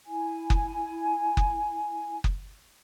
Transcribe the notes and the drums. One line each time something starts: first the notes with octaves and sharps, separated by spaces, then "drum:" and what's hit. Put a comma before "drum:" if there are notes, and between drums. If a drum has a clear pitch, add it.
E4 G#5
drum: kick F#1
drum: kick F#1
drum: kick F#1